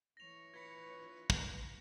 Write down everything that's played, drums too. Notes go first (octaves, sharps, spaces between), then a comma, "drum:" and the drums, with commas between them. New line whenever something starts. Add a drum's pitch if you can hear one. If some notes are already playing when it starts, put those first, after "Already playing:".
E3 C#5 A#6 F7
F4 B4 B5 G#6 B6 C#7
drum: kick